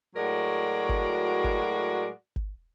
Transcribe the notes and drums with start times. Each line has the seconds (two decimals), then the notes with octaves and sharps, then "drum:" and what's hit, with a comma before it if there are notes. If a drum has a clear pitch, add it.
0.16 A2 F#3 G#3 F#4 A#4 D5
0.89 drum: kick G#1
1.44 drum: kick G#1
2.36 drum: kick G#1